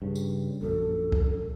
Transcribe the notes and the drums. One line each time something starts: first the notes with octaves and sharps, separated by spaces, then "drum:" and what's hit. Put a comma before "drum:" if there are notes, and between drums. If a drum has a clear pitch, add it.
G2 C#3
drum: tambourine
A#1 F#2 A4
drum: kick C2